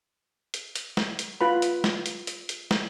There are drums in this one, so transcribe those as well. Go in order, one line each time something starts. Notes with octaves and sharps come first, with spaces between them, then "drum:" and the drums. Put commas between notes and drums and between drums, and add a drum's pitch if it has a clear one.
drum: hi-hat
drum: hi-hat
drum: snare
drum: hi-hat
F4 B4 B5
drum: hi-hat
drum: snare
drum: hi-hat
drum: hi-hat
drum: hi-hat
drum: snare